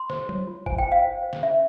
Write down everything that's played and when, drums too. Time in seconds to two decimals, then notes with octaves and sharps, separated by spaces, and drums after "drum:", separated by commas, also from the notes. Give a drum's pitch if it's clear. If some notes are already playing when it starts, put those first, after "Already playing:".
Already playing: C6
0.10 C5, drum: snare
0.29 C#5, drum: tom
0.47 F4
0.66 C5 G#5, drum: kick
0.78 G5
0.86 C5
0.92 F5
1.04 C5
1.23 C5
1.33 drum: snare
1.42 C#4 E5